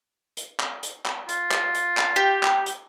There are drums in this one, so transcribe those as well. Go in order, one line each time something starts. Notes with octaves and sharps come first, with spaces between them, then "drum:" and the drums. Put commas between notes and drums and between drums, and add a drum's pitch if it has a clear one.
drum: hi-hat
drum: clap
drum: hi-hat
drum: clap
F4, drum: hi-hat
drum: clap
drum: hi-hat
drum: clap
G4
drum: clap
drum: hi-hat